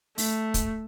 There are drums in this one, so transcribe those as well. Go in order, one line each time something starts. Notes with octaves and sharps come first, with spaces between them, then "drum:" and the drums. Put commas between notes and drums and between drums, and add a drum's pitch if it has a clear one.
A3, drum: open hi-hat
drum: kick, hi-hat